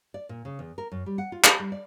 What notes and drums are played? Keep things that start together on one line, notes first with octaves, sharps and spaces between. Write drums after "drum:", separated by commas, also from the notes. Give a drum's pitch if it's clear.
D5
A#2
C#3
E2
A#4
F#2
G3
F#5
F4
G4, drum: clap
G3
D5